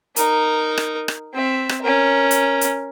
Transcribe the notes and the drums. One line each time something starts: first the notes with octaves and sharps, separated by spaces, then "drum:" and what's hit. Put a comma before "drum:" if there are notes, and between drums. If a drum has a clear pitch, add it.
D#4 A#4, drum: hi-hat
drum: rim click
drum: rim click
C4 E5
drum: rim click
C#4 A#4
drum: hi-hat
drum: hi-hat